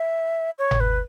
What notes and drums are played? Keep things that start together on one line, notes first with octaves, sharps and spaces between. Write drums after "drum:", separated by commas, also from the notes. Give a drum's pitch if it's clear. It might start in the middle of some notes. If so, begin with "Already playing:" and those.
Already playing: E5
C#5
drum: tom G1
B4